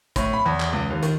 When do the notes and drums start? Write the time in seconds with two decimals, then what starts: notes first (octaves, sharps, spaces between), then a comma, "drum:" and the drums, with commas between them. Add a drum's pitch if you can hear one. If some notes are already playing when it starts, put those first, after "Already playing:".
0.16 A2, drum: kick, hi-hat
0.33 B5
0.45 E2
0.60 drum: clap
0.73 C#2
0.90 D#2
1.03 D#3, drum: hi-hat